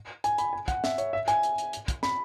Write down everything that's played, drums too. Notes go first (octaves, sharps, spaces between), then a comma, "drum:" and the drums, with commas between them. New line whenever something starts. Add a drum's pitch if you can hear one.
G#5, drum: hi-hat
B5, drum: hi-hat
G#5
F#5, drum: kick, hi-hat
E5, drum: snare
C#5, drum: hi-hat
E5
G#5, drum: hi-hat
drum: hi-hat
drum: hi-hat
drum: hi-hat
drum: kick, hi-hat
B5, drum: snare